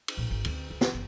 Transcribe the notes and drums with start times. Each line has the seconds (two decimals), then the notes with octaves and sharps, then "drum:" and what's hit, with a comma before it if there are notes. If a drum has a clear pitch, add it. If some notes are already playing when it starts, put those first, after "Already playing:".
0.08 drum: cymbal
0.17 A#1
0.31 G#1
0.45 D2 C4, drum: cymbal
0.70 C#2
0.81 drum: snare
0.94 F#1